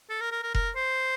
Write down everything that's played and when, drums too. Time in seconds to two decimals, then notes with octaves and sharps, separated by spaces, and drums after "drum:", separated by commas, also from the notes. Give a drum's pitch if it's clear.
0.10 A4
0.21 A#4
0.32 A#4
0.43 A#4
0.55 A#4, drum: kick F1
0.76 C5